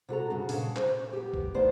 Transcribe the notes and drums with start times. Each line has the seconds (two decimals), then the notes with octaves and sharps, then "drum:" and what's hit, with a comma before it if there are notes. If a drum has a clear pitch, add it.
0.09 C3 F#4 A4 A#5
0.30 G2 C#3 F#4
0.49 A#2 C#3 A5, drum: open hi-hat
0.76 C5, drum: clap
1.13 B3 G4
1.33 drum: kick
1.54 A2 D#3 B3 C5 D5 A5